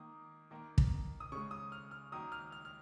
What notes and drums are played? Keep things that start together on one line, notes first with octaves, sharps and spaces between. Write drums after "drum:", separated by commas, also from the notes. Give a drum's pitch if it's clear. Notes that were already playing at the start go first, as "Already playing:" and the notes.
Already playing: D#3 A#3 D#6
D#3 A#3
drum: kick
D#6
C#3 G#3 C#6
D#6
F6
F6
D#3 F#3 A#3 D#6
F6
F6
F6